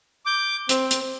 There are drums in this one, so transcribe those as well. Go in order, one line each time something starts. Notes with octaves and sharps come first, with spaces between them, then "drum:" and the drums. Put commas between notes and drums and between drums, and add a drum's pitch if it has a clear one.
D6 G6
C4, drum: hi-hat
drum: hi-hat